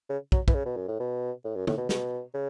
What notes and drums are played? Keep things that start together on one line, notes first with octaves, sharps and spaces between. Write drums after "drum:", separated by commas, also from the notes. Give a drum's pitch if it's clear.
C#3
F#3, drum: kick
E3, drum: kick
C#3
B2
F#2
A2
B2
A2
F#2
A2, drum: tom
B2
B2, drum: snare
C#3